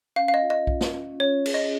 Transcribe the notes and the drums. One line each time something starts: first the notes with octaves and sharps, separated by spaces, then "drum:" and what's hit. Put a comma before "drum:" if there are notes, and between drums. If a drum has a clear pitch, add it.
C#4 F5
F5
D#5
F4
D#5
F4, drum: kick B1
drum: snare
C#4
C#4 C#5
G#4, drum: cymbal
D#5